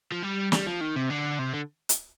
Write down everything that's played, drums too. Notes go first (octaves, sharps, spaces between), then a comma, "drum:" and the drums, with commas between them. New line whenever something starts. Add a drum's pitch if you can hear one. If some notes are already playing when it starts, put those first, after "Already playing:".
F3
G3
G3, drum: snare
F3
D#3
C3
D3
C3
D3
drum: hi-hat